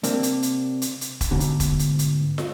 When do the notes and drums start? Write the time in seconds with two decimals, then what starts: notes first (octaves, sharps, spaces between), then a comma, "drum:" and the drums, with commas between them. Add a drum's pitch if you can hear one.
0.03 C3 A#3 C4 D4, drum: hi-hat
0.23 drum: hi-hat
0.43 drum: hi-hat
0.82 drum: hi-hat
1.01 drum: hi-hat
1.21 drum: kick E1, hi-hat
1.31 D2 G#2 B2 D3
1.40 drum: hi-hat
1.60 drum: kick E1, hi-hat
1.79 drum: hi-hat
1.99 drum: hi-hat
2.38 drum: snare